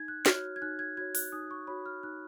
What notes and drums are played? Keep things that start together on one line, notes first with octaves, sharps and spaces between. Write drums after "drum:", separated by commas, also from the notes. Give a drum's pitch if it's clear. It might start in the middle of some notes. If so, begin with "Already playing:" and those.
Already playing: D#4 G#6
F#6
F#4 C#5 F6, drum: snare
G#6
D#4 F#6
G#6
F#4 C#5 G#6
F#6, drum: open hi-hat
D#4 D#6
C#6
F#4 C#5 B5
F6
D#4 F#6